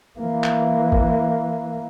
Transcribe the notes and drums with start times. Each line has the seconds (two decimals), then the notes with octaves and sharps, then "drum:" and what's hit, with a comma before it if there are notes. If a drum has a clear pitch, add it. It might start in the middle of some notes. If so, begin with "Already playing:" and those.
0.19 E3 A#3
0.44 drum: clap
0.92 drum: kick